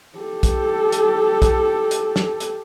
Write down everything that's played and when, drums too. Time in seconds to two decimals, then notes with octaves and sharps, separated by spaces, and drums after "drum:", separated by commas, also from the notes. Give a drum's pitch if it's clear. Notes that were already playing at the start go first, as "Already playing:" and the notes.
0.18 G4 A4
0.43 drum: kick A#1, hi-hat
0.92 drum: hi-hat
1.42 drum: kick A#1, hi-hat
1.91 drum: hi-hat
2.16 drum: snare
2.40 drum: hi-hat